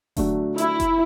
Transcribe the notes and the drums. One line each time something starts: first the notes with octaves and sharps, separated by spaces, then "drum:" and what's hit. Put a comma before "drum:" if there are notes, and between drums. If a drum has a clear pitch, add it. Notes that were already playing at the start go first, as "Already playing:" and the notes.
D3 F#3 A3 D4 F#4, drum: kick F1, open hi-hat
E4, drum: hi-hat
drum: kick F1, hi-hat